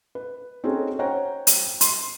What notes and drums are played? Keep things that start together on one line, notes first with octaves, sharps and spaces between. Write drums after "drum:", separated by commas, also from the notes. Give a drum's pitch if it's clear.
B4
C4 C#4 D#4 F#4 G#4 A4
C#4 C5 C#5 F#5 G5 A#5
drum: hi-hat
C6, drum: hi-hat